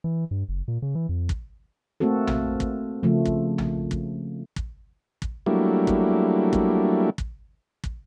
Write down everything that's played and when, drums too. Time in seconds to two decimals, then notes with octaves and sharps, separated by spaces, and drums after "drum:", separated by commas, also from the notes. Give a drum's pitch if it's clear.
0.04 E3
0.31 G2
0.49 F#1
0.68 A#2
0.82 C#3
0.95 E3
1.09 F2
1.29 drum: kick
2.00 A3 A#3 C4 F#4 A4
2.27 drum: tom
2.60 drum: kick
3.03 C#3 F3 A3
3.25 drum: kick
3.58 drum: tom
3.91 drum: kick
4.56 drum: kick
5.22 drum: kick
5.46 F#3 G3 A3 A#3 D4 E4
5.87 drum: kick
6.53 drum: kick
7.18 drum: kick
7.84 drum: kick